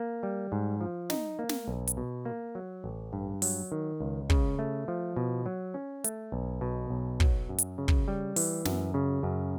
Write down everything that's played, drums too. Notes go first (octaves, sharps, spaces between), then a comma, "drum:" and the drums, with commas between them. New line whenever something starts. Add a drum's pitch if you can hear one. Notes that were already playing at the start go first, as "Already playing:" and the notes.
Already playing: A#3
G3
G#2
F3
D#4, drum: snare
A#3
drum: snare
B1
drum: hi-hat
B2
A#3
F#3
A1
G2
F#3, drum: open hi-hat
D#3
C#2
C#3, drum: kick
A3
F3
B2
F#3
C#4
A3, drum: hi-hat
B1
B2
B1
F#3, drum: kick
F#2
drum: hi-hat
C#3
drum: kick
G3
E3, drum: open hi-hat
F#2, drum: snare
C#3
F#2